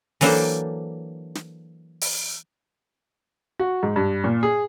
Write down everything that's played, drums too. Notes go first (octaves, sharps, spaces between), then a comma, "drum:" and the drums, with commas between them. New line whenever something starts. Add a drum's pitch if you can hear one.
E3 F#3 A#3 D4 A4 C5, drum: open hi-hat
drum: snare
drum: open hi-hat
F#4
G#2
G2
A#2
G#4